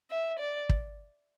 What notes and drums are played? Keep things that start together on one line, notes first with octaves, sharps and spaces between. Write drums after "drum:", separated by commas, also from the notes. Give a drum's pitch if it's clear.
E5
D5
drum: kick